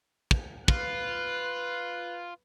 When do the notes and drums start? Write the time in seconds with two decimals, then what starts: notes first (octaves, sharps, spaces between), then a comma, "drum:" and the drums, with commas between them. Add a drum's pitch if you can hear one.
0.31 drum: kick
0.68 F4 B4 F#6, drum: kick